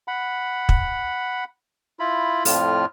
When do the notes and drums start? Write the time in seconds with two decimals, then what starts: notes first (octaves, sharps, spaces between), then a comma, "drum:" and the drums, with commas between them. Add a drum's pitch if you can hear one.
0.08 F#5 B5
0.69 drum: kick
1.99 E4 F4 B5
2.45 F2 A2 F4 F6, drum: open hi-hat